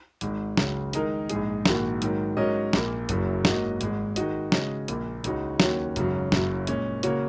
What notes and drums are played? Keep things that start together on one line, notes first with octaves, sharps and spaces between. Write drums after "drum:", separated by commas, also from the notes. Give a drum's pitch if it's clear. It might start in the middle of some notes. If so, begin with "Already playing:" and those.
G#1 G#2 G#3, drum: hi-hat
C#2 C#3 F#3, drum: snare
D#3 G#3 D#4 A#4, drum: hi-hat
A#1 G#2 G#3 D#4 G#4, drum: hi-hat
A#1 G#2 D#3 A#3 F#4, drum: snare
G#2 D#3 F#3, drum: hi-hat
G#2 F#3 C#4 A#4 D#5
A#1 A#2 A#3, drum: snare
F#1 F#2 F#3, drum: hi-hat
G#2 F#3 A#3 F#4 D#5, drum: snare
G#1 G#2 G#3, drum: hi-hat
D#3 G#3 D#4 F#4 D#5, drum: hi-hat
C#3 G#3 C#4 F#4 D#5, drum: snare
A#1 A#2 A#3, drum: hi-hat
C#2 C#3 G#3 D#4 F#4, drum: hi-hat
D#2 D#3 F#3 C#4 F#4, drum: snare
G#1 F#2 C#3 F#3, drum: hi-hat
F#1 F#2 F#3, drum: snare
A#2 G#3 C#4, drum: hi-hat
C#3 A#3 F#4 C#5, drum: hi-hat